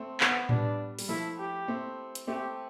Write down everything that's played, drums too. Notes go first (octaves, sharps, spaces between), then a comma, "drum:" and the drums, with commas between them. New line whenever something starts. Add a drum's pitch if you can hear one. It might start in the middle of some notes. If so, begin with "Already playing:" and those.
Already playing: A3 C4
B3, drum: clap
G3 B3 D4, drum: tom A2
G3, drum: open hi-hat
F3 A3 E4
G4
A3 C4
drum: hi-hat
A3 C4 G4